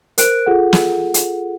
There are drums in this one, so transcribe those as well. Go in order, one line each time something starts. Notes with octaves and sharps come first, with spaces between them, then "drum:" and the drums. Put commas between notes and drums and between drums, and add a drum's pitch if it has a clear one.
A#4 C5 F#6 D7, drum: hi-hat
F4 G#4 A4 F#5
drum: snare
drum: hi-hat